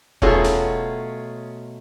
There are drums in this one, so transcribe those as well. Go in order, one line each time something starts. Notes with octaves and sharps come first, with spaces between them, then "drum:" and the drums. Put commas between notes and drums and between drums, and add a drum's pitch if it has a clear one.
B2 F#3 A3 C#4 F4 G#4, drum: kick E1
drum: snare